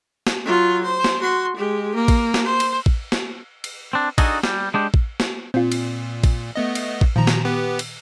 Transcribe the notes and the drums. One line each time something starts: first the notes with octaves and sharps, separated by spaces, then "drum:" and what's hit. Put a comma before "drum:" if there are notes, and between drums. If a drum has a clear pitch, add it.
drum: snare
F#3 F4
C5
drum: snare
F#4 C6
G#3 G4
A#3
drum: kick A1, cymbal
drum: snare
C5
drum: cymbal
drum: kick A1
drum: snare
drum: cymbal
C4 D4
D4 D#4 F#4 G#4 A4 D#5, drum: kick A1, cymbal
G3, drum: snare
G#3 D4 G4
drum: kick A1
drum: snare
A#2 C4 F4
drum: cymbal
drum: kick A1, cymbal
A3 B3 D#5
drum: cymbal
drum: kick A1
A#2 D#3 F3 A#5
drum: snare
B3 G4 B4
drum: cymbal